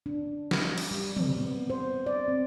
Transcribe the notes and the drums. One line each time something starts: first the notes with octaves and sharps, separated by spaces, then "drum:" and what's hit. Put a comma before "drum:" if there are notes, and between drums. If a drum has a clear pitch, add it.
D4
G3, drum: snare
drum: cymbal
G3
C4, drum: tom
B3
C5
D5
C4